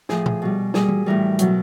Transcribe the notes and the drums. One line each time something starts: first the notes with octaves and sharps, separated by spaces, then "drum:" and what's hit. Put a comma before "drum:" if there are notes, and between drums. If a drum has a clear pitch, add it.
A2 F3 G#4, drum: snare
drum: tom A#2
B2 G3
A#2 G3 G#4, drum: snare
drum: tom
A2 E3 G3 A#4
B2 F#3, drum: hi-hat